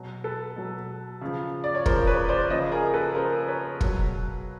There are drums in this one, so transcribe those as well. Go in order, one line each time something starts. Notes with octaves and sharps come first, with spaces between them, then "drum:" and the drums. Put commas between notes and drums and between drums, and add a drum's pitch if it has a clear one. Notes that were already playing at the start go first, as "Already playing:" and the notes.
Already playing: B2 F#3
A4 B4
B2 F#3
C#3 F3
D5
C#5
C#3 F3 A#4 C5, drum: kick
B4 C#5
C5 D5
C#3 F3 C#5 D#5
G#4 A#4
A4 B4
C#3 F3 A#4 C5
B4 C#5
B2 F#3, drum: kick